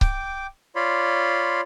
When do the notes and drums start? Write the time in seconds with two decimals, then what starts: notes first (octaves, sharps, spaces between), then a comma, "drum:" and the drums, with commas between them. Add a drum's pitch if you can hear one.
0.01 G5 D6, drum: kick C#1
0.76 F4 C#5 D5 B5 C6